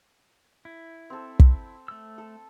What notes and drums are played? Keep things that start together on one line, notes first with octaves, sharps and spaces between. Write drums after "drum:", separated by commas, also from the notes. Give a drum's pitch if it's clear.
E4
C4 A4
drum: kick
A3 E6
A4